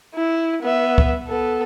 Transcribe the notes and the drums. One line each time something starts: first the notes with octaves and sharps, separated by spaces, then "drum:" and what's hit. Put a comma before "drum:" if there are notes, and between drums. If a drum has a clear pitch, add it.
E4
B3 E5
drum: kick C#2
B3 A4